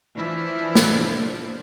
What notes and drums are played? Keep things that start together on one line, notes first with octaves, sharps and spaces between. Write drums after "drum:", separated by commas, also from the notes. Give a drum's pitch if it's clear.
E3 F3 D4 E4
drum: snare